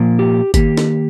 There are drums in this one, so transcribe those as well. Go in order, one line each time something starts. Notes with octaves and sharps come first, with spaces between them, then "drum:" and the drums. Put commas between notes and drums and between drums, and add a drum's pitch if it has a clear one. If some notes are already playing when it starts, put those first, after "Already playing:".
Already playing: A#2 F3 A#3
G4
D#3 A#3 G4, drum: kick G1, hi-hat
drum: snare